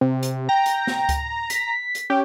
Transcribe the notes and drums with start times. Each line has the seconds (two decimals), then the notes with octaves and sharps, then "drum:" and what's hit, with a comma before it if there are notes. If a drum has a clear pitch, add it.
0.01 C3
0.23 drum: hi-hat
0.49 G5 A#5
0.66 drum: hi-hat
0.87 drum: snare
1.09 drum: kick C#2, hi-hat
1.50 B6, drum: hi-hat
1.95 drum: hi-hat
2.10 C#4 G4